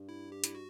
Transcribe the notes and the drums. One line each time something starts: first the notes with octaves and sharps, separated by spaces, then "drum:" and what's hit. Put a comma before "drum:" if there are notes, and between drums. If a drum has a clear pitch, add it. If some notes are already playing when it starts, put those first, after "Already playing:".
Already playing: G2
E4
G4
E4, drum: hi-hat
F#4